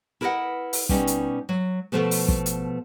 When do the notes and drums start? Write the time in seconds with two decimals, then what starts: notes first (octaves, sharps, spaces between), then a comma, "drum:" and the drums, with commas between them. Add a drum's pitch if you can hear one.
0.21 E4 A#4 B4 C#5 D#5 F#5
0.73 drum: open hi-hat
0.89 B2 G3 C#4 D#4, drum: kick
1.07 drum: hi-hat
1.49 F#3
1.92 B2 E3 F3 A3 B3
2.11 drum: open hi-hat
2.28 drum: kick
2.46 drum: hi-hat